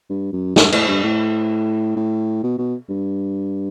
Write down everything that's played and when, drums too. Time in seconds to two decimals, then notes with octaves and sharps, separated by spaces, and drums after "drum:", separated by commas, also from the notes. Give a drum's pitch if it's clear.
0.10 G2
0.33 F#2
0.56 G2, drum: snare
0.72 A2, drum: cymbal
0.88 G2
1.03 A2
1.96 A2
2.43 B2
2.58 B2
2.89 G2